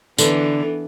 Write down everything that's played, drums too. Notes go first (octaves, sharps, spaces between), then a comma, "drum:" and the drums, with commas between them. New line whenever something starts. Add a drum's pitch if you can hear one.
D3 E3 B3 D4, drum: tambourine